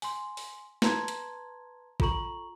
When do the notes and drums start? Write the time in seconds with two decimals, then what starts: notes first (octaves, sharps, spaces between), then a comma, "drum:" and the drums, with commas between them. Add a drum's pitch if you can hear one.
0.02 G#5 C6, drum: open hi-hat
0.37 drum: open hi-hat
0.82 B4 A5 A#5 C6 G#6, drum: snare
1.08 drum: hi-hat
2.00 F4 A4 A#5 C#6 F#7, drum: kick